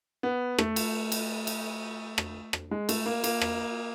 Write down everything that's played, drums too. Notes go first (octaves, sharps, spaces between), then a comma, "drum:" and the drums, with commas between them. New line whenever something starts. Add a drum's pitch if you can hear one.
B3
A3, drum: rim click
drum: cymbal
drum: cymbal
drum: cymbal
drum: rim click
drum: rim click
G#3
A3, drum: cymbal
A#3
A#3, drum: cymbal
drum: rim click